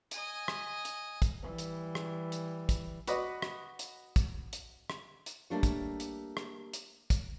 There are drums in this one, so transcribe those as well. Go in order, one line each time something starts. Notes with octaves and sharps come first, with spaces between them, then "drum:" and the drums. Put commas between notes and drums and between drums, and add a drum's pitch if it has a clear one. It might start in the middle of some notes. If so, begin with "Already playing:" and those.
D#5 G#5, drum: hi-hat
drum: rim click
drum: hi-hat
drum: kick, hi-hat
E3 G3
drum: hi-hat
drum: rim click
drum: hi-hat
drum: kick, hi-hat
F#4 B4 D5 D#5, drum: hi-hat
drum: rim click
drum: hi-hat
drum: kick, hi-hat
drum: hi-hat
drum: rim click
drum: hi-hat
G3 A3 A#3 D4 G4 C#5
drum: kick, hi-hat
drum: hi-hat
drum: rim click
drum: hi-hat
drum: kick, hi-hat